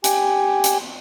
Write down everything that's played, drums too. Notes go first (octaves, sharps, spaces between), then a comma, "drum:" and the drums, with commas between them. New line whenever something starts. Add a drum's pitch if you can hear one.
G4 G#5, drum: hi-hat
drum: hi-hat